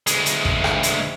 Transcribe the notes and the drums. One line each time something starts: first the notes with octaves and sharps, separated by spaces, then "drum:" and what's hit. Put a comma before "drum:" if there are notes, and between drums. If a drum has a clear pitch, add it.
D2 G#3, drum: hi-hat
drum: hi-hat
drum: kick
drum: rim click
drum: hi-hat